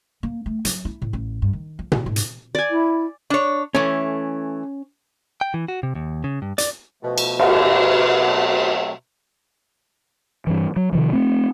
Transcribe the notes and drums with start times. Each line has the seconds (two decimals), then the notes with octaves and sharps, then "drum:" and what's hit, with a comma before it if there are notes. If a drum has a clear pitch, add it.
0.23 A#3
0.46 A3
0.65 F#3, drum: hi-hat
0.85 E4
1.02 A2
1.13 A1
1.42 G2
1.53 D#3
1.79 F3
1.92 A2, drum: tom B2
2.06 G#2
2.16 drum: hi-hat
2.55 D5 G#5
2.70 E4
3.30 D4 C#5
3.75 E3 A3 C#4
5.41 G5
5.54 E3
5.68 F#4
5.83 C3
5.95 D#2
6.24 C#3
6.42 G2
6.58 D5, drum: hi-hat
7.03 B2 F3 A3
7.18 drum: cymbal
7.39 drum: cymbal
8.22 F#3 A3 C4
10.47 G2 E3
10.76 F#3
10.93 C3 D#3 F3
11.13 A3 C4